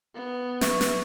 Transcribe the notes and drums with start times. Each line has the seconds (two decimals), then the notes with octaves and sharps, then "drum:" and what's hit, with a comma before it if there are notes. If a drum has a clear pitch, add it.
0.15 B3
0.61 B4 E5 C#6, drum: snare
0.81 drum: snare